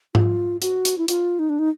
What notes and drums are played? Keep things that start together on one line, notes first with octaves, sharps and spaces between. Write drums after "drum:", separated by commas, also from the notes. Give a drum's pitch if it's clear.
F4, drum: tom G#2
F#4, drum: hi-hat
drum: hi-hat
E4
F4, drum: hi-hat
D#4
D4
D#4